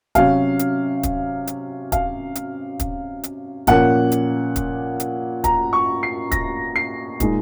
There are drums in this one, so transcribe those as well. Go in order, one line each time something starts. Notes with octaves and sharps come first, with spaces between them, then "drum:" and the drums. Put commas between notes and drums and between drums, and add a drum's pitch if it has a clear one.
C3 F#3 C#4 F5, drum: kick, hi-hat
drum: hi-hat
drum: kick, hi-hat
drum: hi-hat
F5, drum: kick, hi-hat
drum: hi-hat
drum: kick, hi-hat
drum: hi-hat
A#2 F3 A#3 C#4 F#5, drum: kick, hi-hat
drum: hi-hat
drum: kick, hi-hat
drum: hi-hat
A#5, drum: kick, hi-hat
C#6
C7
A#6, drum: kick, hi-hat
C7
A#2 G#3 D#4, drum: kick, hi-hat